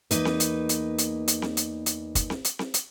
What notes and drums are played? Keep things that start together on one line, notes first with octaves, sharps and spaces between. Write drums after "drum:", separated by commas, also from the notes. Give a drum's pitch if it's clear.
E2 A#3 D#4 B4, drum: hi-hat
drum: snare C4
drum: hi-hat
drum: hi-hat
drum: hi-hat
drum: hi-hat
drum: snare C4
drum: hi-hat
drum: hi-hat
drum: kick, hi-hat
drum: snare C4
drum: hi-hat
drum: snare C4
drum: hi-hat